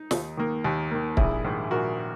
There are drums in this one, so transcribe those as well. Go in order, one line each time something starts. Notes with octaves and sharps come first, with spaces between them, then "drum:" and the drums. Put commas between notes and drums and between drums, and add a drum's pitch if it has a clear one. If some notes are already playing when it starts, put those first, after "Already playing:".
Already playing: D#4
D#2, drum: snare
D#3 A#3
D#2
D#3 A#3
A#1 E4 G#4, drum: kick
G#2 D#3
A#1 F#4 A#4